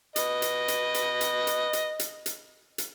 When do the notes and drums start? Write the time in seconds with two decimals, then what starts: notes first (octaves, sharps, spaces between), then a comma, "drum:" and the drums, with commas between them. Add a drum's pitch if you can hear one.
0.16 B4 D#5, drum: hi-hat
0.42 drum: hi-hat
0.68 drum: hi-hat
0.94 drum: hi-hat
1.21 drum: hi-hat
1.47 drum: hi-hat
1.73 drum: hi-hat
1.99 drum: hi-hat
2.26 drum: hi-hat
2.78 drum: hi-hat